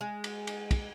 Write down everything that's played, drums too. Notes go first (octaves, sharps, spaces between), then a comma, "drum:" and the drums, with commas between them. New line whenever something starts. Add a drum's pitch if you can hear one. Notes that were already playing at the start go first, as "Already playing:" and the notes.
G#3
drum: cymbal
drum: cymbal
drum: kick, cymbal